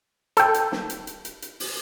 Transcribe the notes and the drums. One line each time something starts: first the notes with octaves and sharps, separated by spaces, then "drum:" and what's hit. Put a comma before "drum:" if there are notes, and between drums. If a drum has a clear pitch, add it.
A4 G5, drum: hi-hat
drum: hi-hat
drum: snare
drum: hi-hat
drum: hi-hat
drum: hi-hat
drum: hi-hat
drum: open hi-hat